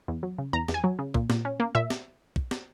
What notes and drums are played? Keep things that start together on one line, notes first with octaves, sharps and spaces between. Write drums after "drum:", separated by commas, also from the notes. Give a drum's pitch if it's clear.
E2
F#3
C#3
E2 A#5
E2, drum: snare
G#5
F#3
C#3
A#2, drum: kick
A#2, drum: snare
C#4
A#3
A#2 E5
drum: snare
drum: kick
drum: snare